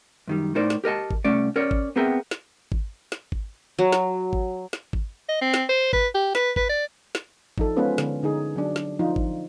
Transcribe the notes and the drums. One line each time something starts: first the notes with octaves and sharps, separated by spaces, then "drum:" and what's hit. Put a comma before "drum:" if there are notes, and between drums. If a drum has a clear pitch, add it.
F#2 D#3 G3
A2 D#4 A#4 C5 D5
drum: snare
G4 A#4 D#5 A5
drum: kick G#1
C2 A3 C#4 D5
C#4 A#4 C#5 D5
drum: kick G#1
B3 C4 G#4 A#4 E5 G5
drum: snare
drum: kick G#1
drum: snare
drum: kick G#1
F#3
drum: snare
drum: kick G#1
drum: snare
drum: kick G#1
D#5
C4
drum: snare
C5
B4, drum: kick G#1
G4
B4, drum: snare
B4, drum: kick G#1
D5
drum: snare
F3 D#4 A4, drum: kick G#1
G#3 B3 C#4 F4 B4 C5
D3, drum: snare
D3 D#4 G#4
F#3 D4
drum: snare
F3 D#4 F4
drum: kick G#1